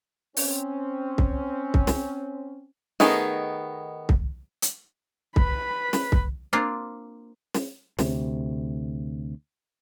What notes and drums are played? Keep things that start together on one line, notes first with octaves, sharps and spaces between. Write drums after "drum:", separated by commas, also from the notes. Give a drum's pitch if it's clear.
C4 C#4, drum: open hi-hat
drum: kick C2
drum: kick C2
drum: snare
D#3 A3 B3 D#4 G#4, drum: snare
drum: kick C2
drum: hi-hat
B4 B5, drum: kick C2
drum: snare
drum: kick C2
A#3 C4 D4 F4
drum: snare
D2 C3, drum: snare